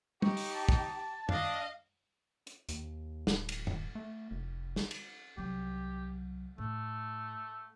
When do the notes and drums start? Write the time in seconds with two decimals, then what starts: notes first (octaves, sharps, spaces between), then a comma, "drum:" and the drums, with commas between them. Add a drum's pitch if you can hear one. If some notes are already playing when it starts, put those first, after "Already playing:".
0.22 D#4 G4 C#6, drum: tom
0.37 drum: open hi-hat
0.54 A5
0.69 drum: kick
1.29 D4 D#5 F5, drum: tom F#2
2.47 drum: hi-hat
2.69 D#2, drum: hi-hat
3.27 D1, drum: snare
3.49 drum: cymbal
3.67 drum: tom F#2
3.95 A3
4.31 F1
4.76 drum: snare
4.91 drum: cymbal
5.37 C2 F#3 G4
6.58 A2 A3